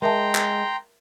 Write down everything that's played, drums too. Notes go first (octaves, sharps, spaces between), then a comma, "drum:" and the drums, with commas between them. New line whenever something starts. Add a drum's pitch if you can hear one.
G#3 A#4 E5 G5 A5 A#5 C6
drum: clap